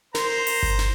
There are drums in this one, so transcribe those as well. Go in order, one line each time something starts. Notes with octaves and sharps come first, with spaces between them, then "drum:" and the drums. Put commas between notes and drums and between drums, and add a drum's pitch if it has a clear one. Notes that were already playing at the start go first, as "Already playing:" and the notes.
A#4 C5 A#5, drum: snare
drum: open hi-hat
drum: kick G1
drum: snare